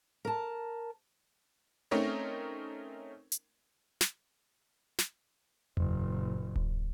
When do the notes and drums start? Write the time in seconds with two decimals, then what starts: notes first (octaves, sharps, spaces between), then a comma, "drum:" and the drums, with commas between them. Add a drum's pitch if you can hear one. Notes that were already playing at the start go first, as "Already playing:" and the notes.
0.25 A#4 A5
1.91 A3 C4 C#4 D#4 A#4 C#5
3.32 drum: hi-hat
4.01 drum: snare
4.99 drum: snare
5.77 F#1 A#2, drum: tom E2
6.56 drum: kick D1